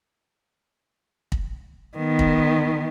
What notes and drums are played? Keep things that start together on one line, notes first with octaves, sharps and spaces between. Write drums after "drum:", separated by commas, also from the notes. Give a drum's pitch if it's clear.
drum: kick
D#3 B3
drum: kick